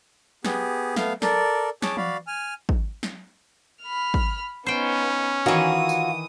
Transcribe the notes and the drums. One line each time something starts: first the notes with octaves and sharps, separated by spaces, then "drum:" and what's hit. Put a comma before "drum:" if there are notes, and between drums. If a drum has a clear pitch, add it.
B3 G4 G#4, drum: snare
A3 B3 F5, drum: snare
A4 A#4 D5, drum: snare
G#4 C#5 A5 D6, drum: snare
F#4 D5 F5 B5, drum: tom E3
G#5 F6
drum: kick
drum: snare
B5 F6
drum: kick
B3 C#4 D#4 C5 G5
D#3 E3 F4 F#4 C#5 D#6
drum: tambourine